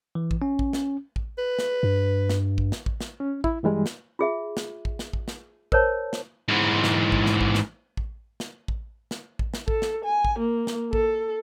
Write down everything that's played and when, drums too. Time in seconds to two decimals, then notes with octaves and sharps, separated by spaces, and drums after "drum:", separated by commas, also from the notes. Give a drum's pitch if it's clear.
0.15 E3
0.31 drum: kick A1
0.42 C#4
0.59 drum: kick A1
0.73 drum: snare
1.16 drum: kick A1
1.38 B4
1.59 drum: snare
1.83 G2
2.30 drum: snare
2.58 drum: kick A1
2.72 drum: snare
2.86 drum: kick A1
3.01 drum: snare
3.20 C#4
3.44 E4, drum: kick A1
3.63 G2 E3 G3 G#3
3.86 drum: snare
4.19 F4 G#4 E5
4.57 drum: snare
4.85 drum: kick A1
4.99 drum: snare
5.13 drum: kick A1
5.28 drum: snare
5.72 A#4 C5 C#5 A5, drum: kick A1
6.13 drum: snare
6.48 G#2 E3
6.84 drum: snare
7.12 drum: kick A1
7.26 drum: snare
7.41 drum: kick A1
7.55 drum: snare
7.97 drum: kick A1
8.40 drum: snare
8.68 drum: kick A1
9.11 drum: snare
9.39 drum: kick A1
9.54 drum: snare
9.68 A4, drum: kick A1
9.82 drum: snare
10.05 G#5
10.25 drum: kick A1
10.39 A#3
10.67 drum: snare
10.93 A4, drum: kick A1